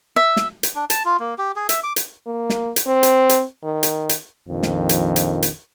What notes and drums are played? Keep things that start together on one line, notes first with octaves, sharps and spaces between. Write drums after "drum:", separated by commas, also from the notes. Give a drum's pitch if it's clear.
E5
drum: snare
drum: hi-hat
D4
A5, drum: hi-hat
F4
A#3
G4
G#4
E5, drum: hi-hat
D6
drum: hi-hat
A#3
drum: snare
drum: hi-hat
C4
drum: hi-hat
drum: hi-hat
D#3
drum: hi-hat
drum: hi-hat
A#1 F2 D#3
drum: snare
drum: hi-hat
drum: hi-hat
drum: hi-hat